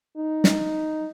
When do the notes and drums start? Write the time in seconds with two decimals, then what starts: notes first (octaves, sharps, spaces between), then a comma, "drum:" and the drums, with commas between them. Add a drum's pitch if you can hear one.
0.17 D#4
0.44 drum: snare